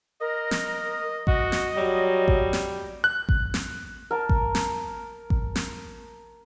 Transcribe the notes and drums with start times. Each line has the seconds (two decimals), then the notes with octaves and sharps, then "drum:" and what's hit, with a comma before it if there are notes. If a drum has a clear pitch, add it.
0.21 A#4 D#5
0.51 drum: snare
1.27 F#4 D#5, drum: kick A1
1.52 drum: snare
1.77 F#3 G3
2.28 drum: kick A1
2.53 drum: snare
3.04 F#6
3.29 drum: kick A1
3.54 drum: snare
4.11 A#4 A5
4.29 drum: kick A1
4.55 drum: snare
5.30 drum: kick A1
5.56 drum: snare